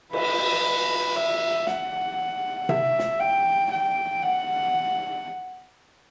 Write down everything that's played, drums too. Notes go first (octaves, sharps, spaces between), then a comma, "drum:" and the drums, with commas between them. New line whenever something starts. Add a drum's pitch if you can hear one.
B4, drum: cymbal
E5
F#5, drum: snare
E5, drum: tom C3
drum: snare
G5
G5
F#5